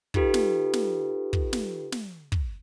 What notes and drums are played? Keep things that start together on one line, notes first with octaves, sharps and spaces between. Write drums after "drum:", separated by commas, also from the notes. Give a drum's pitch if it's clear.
D#4 F4 G4 A4 B4, drum: kick
drum: snare
drum: snare
drum: kick
drum: snare
drum: snare
drum: kick